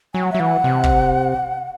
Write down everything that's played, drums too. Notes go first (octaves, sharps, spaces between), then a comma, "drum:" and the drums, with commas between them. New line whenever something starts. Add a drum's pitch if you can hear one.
F#3 G#5
F#5
F#3 E5
E3 F#5
C3
drum: kick